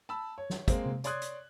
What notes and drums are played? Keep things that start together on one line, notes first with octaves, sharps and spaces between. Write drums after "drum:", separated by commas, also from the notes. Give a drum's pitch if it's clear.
A5 B5 E6
C#5
drum: snare
G#3 A#3 C4, drum: kick, hi-hat
drum: tom C3
C#5 D5 C6 D#6 F#6 G#6, drum: hi-hat
drum: hi-hat